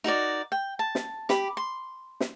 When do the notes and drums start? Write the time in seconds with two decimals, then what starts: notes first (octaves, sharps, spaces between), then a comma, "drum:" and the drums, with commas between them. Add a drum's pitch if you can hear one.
0.04 D#4 F#4 A#4 D5
0.52 G5
0.79 A5
0.95 drum: snare
1.29 G4 B5, drum: snare
1.57 C6
2.20 drum: snare